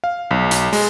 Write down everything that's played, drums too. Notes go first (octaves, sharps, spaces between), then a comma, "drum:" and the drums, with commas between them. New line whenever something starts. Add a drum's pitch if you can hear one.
F5
B1
drum: hi-hat
G#3, drum: open hi-hat